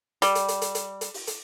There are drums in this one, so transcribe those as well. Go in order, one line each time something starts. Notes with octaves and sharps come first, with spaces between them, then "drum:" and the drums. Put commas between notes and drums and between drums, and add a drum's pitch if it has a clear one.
G3, drum: hi-hat
drum: hi-hat
drum: hi-hat
drum: hi-hat
drum: hi-hat
drum: hi-hat
drum: open hi-hat
drum: hi-hat